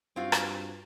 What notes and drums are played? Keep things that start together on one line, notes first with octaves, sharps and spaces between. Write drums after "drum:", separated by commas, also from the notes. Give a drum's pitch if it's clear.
G2 C4 F4 F#4
drum: rim click